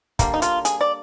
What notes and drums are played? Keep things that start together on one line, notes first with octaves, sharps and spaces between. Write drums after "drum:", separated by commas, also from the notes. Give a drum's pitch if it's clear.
D3 G3 A#3, drum: kick, hi-hat
D#4
F4, drum: hi-hat
G#4, drum: hi-hat
D5